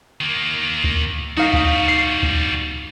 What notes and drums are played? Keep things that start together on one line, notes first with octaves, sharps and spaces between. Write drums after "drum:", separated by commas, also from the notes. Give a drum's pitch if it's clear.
D#3 A#3
drum: kick C#2
G3 D#4 F#4 F5 B6
drum: kick C#2
C7
drum: kick C#2